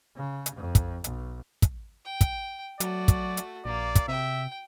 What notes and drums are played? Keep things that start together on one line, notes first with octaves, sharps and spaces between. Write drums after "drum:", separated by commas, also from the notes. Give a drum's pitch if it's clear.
C#3
drum: hi-hat
F2
drum: kick, hi-hat
B1, drum: hi-hat
drum: kick, hi-hat
G5
drum: kick, hi-hat
F#3 A3 F#4 D5, drum: hi-hat
drum: kick, hi-hat
drum: hi-hat
A#1 A#3 D5
drum: kick, hi-hat
C3 E5 G5